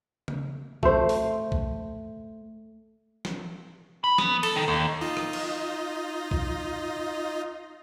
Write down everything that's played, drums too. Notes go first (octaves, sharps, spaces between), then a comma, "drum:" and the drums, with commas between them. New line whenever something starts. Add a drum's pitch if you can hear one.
drum: tom C#3
A3 C5, drum: kick
drum: open hi-hat
drum: kick
drum: snare
B5
B3, drum: snare
A4, drum: cymbal
D#3
D#2
D#4 F4 D#5
drum: rim click
drum: cymbal
drum: kick